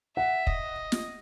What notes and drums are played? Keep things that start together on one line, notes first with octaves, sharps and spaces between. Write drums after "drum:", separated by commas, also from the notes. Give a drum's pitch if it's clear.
E5 F#5
D#5, drum: kick
drum: snare